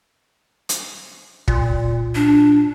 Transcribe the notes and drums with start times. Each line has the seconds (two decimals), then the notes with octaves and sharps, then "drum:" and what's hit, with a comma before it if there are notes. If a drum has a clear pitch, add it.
0.69 drum: hi-hat
1.48 A#2, drum: kick
2.15 D4